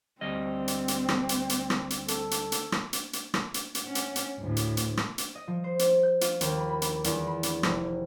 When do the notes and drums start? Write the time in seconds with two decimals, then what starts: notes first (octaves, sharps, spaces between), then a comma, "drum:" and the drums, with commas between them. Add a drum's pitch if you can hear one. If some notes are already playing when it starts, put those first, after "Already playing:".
0.21 D2 G3 C4 D#5
0.68 drum: hi-hat
0.88 drum: hi-hat
1.09 drum: rim click
1.29 drum: hi-hat
1.49 drum: hi-hat
1.70 drum: rim click
1.90 drum: hi-hat
2.08 A4, drum: hi-hat
2.31 drum: hi-hat
2.52 drum: hi-hat
2.72 drum: rim click
2.93 drum: hi-hat
3.13 drum: hi-hat
3.34 drum: rim click
3.54 drum: hi-hat
3.75 drum: hi-hat
3.84 C#4 F#5
3.95 drum: hi-hat
4.16 drum: hi-hat
4.39 D2 A2
4.57 drum: hi-hat
4.77 drum: hi-hat
4.97 drum: rim click
5.18 drum: hi-hat
5.35 D#5
5.47 F3
5.64 C5
5.79 drum: hi-hat
6.03 G6
6.21 F4, drum: hi-hat
6.41 D#2, drum: hi-hat
6.58 B5
6.70 B5
6.82 drum: hi-hat
7.04 E2, drum: hi-hat
7.27 B5
7.43 drum: hi-hat
7.63 F1, drum: rim click